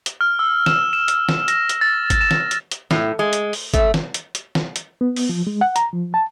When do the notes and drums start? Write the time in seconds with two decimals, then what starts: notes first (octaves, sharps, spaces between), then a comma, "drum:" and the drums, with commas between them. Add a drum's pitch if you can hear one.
0.06 drum: hi-hat
0.21 F6
0.39 E6
0.66 E7, drum: snare
0.93 E7
1.08 drum: hi-hat
1.29 drum: snare
1.48 A#6, drum: hi-hat
1.69 drum: hi-hat
1.81 A6
2.10 drum: kick, hi-hat
2.21 E7
2.31 drum: snare
2.51 drum: hi-hat
2.71 drum: hi-hat
2.91 A2, drum: snare
3.19 G#3
3.33 drum: hi-hat
3.53 drum: open hi-hat
3.74 A3, drum: kick, hi-hat
3.94 drum: snare
4.14 drum: hi-hat
4.35 drum: hi-hat
4.55 drum: snare
4.76 drum: hi-hat
5.01 B3
5.16 drum: open hi-hat
5.29 F3
5.47 G#3
5.61 F#5
5.76 A#5, drum: hi-hat
5.93 F3
6.14 A5